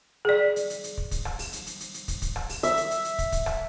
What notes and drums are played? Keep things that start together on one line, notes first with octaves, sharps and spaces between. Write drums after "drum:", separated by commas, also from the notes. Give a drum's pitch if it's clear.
G#4 D5
drum: hi-hat
drum: hi-hat
drum: hi-hat
drum: kick
drum: kick, hi-hat
drum: rim click
drum: open hi-hat
drum: hi-hat
drum: hi-hat
drum: hi-hat
drum: hi-hat
drum: kick, hi-hat
drum: kick, hi-hat
drum: rim click
drum: open hi-hat
E5, drum: hi-hat
drum: hi-hat
drum: hi-hat
drum: hi-hat
drum: kick, hi-hat
drum: kick, hi-hat
drum: rim click